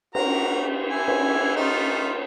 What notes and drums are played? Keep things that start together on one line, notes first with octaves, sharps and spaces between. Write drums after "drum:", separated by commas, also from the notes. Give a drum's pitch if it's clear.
F#4 A#4 A#5, drum: cymbal
E4 G#5
drum: cymbal
A3 D#4 F4